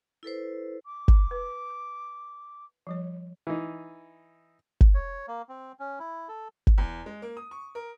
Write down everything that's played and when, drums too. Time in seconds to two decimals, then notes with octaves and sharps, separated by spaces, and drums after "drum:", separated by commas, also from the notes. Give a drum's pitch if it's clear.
0.23 E4 A4 B4 C5
0.86 D6
1.08 drum: kick
1.31 B4
2.87 F3 G3 C#5
3.47 E3 D#4
4.81 drum: kick
4.94 C#5
5.28 A#3
5.49 C4
5.79 C#4
6.00 E4
6.28 A4
6.67 drum: kick
6.78 E2
7.06 G#3
7.22 A#3
7.37 D#6
7.51 C#6
7.75 A#4